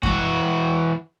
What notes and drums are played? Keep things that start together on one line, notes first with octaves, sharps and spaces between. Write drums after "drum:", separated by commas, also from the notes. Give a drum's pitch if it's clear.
E3 F#4, drum: kick F#2